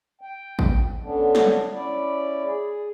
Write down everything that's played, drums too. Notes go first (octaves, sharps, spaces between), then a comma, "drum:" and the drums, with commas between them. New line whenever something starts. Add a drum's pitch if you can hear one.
G5
drum: kick A1
D3 B3 C#4 D4
drum: snare
C#4 E4 D5
G#4